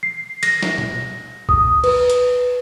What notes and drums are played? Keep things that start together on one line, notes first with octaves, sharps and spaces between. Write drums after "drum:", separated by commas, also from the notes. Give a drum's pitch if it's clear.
C7
A#6, drum: cymbal
drum: snare
drum: tom B2
D#6, drum: kick
B4, drum: cymbal
drum: hi-hat